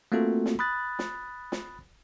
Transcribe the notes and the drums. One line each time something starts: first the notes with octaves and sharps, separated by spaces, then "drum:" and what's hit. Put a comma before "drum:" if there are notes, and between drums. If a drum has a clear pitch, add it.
A3 A#3 C4 F4 F#4 A4
drum: snare
B5 D#6 F#6 A6
drum: snare
drum: snare